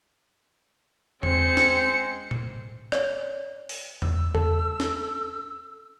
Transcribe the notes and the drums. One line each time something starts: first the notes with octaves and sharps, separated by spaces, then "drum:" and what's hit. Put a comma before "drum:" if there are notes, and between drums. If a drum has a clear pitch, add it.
G#3 C4 C5 C#7, drum: tom E2
drum: snare
drum: tom A2
C#5 D5, drum: rim click
drum: open hi-hat
E6, drum: tom E2
A4, drum: tom E2
drum: snare